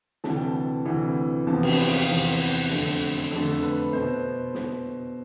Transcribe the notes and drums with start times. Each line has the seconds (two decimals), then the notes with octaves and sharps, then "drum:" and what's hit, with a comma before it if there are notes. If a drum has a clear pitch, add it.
0.24 D2 C3 E3 A5, drum: snare
0.36 G5
0.48 A5
0.85 D2 C3 E3
1.47 E2 C3 F3 B3 A5
1.63 G5, drum: cymbal
1.78 G5
1.93 F5
2.08 E2 C3 F3 B3
2.71 F2 D3 A3
2.84 drum: hi-hat
3.31 F2 D3 A3 A4
3.63 B4
3.93 B2 B3 C5
4.55 B2 B3, drum: snare